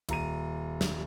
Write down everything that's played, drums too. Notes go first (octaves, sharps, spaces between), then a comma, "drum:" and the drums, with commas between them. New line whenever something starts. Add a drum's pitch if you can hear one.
D#1 A#5 D#7, drum: cymbal
drum: snare